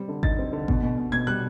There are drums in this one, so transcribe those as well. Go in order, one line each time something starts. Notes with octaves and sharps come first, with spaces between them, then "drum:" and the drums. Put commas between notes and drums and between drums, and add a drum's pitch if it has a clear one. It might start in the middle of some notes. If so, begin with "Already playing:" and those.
Already playing: G3 C4
D3
D#4 A6, drum: kick G#1
C4
D3
B2, drum: kick G#1
B2
B2
B2 G#6
G3 F#6